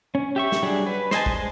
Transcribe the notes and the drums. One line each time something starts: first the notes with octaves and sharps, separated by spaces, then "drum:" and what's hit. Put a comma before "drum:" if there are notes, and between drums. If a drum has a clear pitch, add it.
C#4
G4 E5 C#6
drum: snare
F#3 G3 D4 G#4
B4
C5 D#5 G#5 A5, drum: snare
drum: kick
G#3